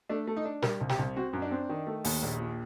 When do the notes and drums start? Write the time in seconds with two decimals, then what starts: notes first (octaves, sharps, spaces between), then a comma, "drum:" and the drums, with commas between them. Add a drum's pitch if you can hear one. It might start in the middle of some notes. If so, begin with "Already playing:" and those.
0.09 A3 D4
0.27 A3
0.37 D#4
0.45 D4
0.62 G3 A#4, drum: snare
0.81 C2
0.89 G4, drum: snare
0.98 C2
1.16 C4 F#4
1.33 F#2
1.42 D4
1.51 C4
1.69 D#3
1.87 A3
2.04 D#2, drum: open hi-hat
2.22 A#1
2.40 A#2